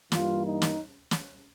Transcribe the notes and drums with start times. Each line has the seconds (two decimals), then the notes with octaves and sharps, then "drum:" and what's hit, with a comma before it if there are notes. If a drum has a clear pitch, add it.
0.12 G2 E3 G3 A#3 F4, drum: snare
0.45 D#4
0.62 drum: snare
1.11 drum: snare